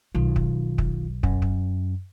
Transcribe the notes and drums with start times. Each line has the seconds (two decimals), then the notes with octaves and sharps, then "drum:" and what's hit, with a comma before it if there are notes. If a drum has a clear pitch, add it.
0.15 B1 D#3 F4
0.36 drum: kick
0.78 drum: kick
1.23 F#2, drum: kick
1.42 drum: kick